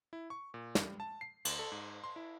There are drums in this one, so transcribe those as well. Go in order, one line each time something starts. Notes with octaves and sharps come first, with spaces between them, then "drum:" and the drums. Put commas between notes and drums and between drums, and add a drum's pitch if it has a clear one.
E4
C#6
A#2
G3, drum: snare
A5
C7
D2, drum: cymbal
A4
G#2
C6
E4